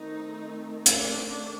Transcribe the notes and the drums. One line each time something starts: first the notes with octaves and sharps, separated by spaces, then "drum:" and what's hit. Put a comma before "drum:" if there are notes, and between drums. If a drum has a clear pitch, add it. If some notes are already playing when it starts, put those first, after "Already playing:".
Already playing: D#3 A3 C4 D#4
drum: hi-hat
D4